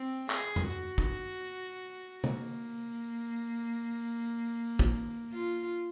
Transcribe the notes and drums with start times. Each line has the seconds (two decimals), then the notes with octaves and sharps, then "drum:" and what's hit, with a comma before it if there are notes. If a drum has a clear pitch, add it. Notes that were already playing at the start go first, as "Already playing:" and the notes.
Already playing: C4
0.30 G#4, drum: clap
0.56 drum: tom E2
0.69 F#4
0.98 drum: kick
2.24 A#3, drum: tom C3
4.79 drum: kick
5.33 F4